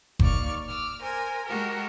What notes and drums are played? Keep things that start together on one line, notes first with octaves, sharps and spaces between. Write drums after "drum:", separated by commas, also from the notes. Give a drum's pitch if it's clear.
D#2 D5 C#6 F6, drum: kick F#1
D6 E6 F6
A#4 C5 G#5
G#3 F#4 G4 A4 A#4